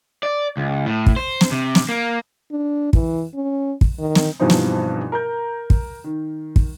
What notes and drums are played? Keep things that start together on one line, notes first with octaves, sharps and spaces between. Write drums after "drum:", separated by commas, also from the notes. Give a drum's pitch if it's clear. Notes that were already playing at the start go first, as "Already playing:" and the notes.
D5
C#2
A2
drum: kick
C5
drum: snare
C3
drum: snare
A#3
D4
E3, drum: kick
C#4
drum: kick
D#3
drum: snare
G2 B2 E3 F3 C4 D#4
drum: snare
A#4 A#5 G6
drum: kick
D#3
drum: kick